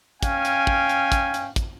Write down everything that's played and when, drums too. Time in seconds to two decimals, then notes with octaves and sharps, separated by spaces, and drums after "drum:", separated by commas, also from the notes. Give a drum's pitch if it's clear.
0.23 C#4 F5 G5 G#5, drum: kick, hi-hat
0.45 drum: hi-hat
0.67 drum: kick
0.89 drum: hi-hat
1.12 drum: kick, hi-hat
1.34 drum: hi-hat
1.56 drum: kick, hi-hat